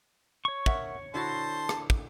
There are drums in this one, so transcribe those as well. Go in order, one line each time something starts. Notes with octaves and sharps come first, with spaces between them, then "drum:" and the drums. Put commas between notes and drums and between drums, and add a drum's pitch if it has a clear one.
C#5 C#6
A#4 E5 F#5, drum: kick
D3 E4 F#4 C5 A5 C6
drum: rim click
drum: kick